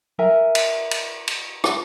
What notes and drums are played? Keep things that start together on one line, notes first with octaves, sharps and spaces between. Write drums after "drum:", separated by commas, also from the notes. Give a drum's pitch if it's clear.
A#4 E5 G#5
drum: cymbal
drum: cymbal
drum: cymbal
drum: rim click